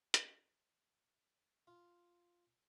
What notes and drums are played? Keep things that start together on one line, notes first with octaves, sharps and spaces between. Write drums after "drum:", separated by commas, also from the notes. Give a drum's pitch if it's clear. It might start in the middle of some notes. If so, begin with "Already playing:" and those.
drum: hi-hat
F4